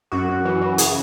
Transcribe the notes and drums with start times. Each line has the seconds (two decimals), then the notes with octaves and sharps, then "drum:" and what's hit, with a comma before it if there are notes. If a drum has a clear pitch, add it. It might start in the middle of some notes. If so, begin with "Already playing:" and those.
0.12 F#2 F#4
0.29 F#2
0.45 E3
0.61 E3
0.78 C#3 G#4, drum: hi-hat